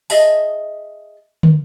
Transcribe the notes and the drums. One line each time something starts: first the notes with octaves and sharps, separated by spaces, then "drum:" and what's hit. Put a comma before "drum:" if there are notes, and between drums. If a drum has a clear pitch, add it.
G#4 D#5 E5 A5, drum: open hi-hat
drum: tom